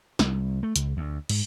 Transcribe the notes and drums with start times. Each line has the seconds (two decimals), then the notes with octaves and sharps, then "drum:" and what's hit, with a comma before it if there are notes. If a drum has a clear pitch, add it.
0.19 C2, drum: snare
0.63 A3
0.76 C#2, drum: hi-hat
0.97 D2
1.29 G#2, drum: cymbal